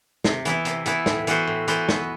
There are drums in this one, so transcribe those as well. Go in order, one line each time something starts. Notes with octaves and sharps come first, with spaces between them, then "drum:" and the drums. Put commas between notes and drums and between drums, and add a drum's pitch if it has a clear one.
C3, drum: snare
E3 B3 E4, drum: hi-hat
C3, drum: hi-hat
E3 B3 E4, drum: hi-hat
A2, drum: snare
E3 B3 F#4 C5, drum: hi-hat
A2
E3 B3 F#4 C5, drum: hi-hat
B3, drum: snare